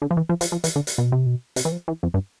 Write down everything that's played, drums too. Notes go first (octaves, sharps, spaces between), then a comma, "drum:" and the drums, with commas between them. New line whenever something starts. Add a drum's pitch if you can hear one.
D3
F3
E3
F3
F3, drum: hi-hat
F3
E3, drum: hi-hat
D3
drum: hi-hat
B2
C3
B2
C3, drum: hi-hat
E3
F3
E3
F2
G2